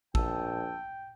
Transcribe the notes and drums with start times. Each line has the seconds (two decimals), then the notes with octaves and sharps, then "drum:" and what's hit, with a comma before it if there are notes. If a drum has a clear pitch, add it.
0.15 A#1 G5 A5 E6, drum: kick